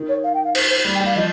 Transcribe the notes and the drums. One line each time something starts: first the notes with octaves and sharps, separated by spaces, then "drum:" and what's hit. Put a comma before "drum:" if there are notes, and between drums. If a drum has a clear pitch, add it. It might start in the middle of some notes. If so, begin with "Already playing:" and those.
Already playing: D#3
C#5
F5
G5
F5
C5, drum: cymbal
C5
G3
G5
G3
F5
F3 D#5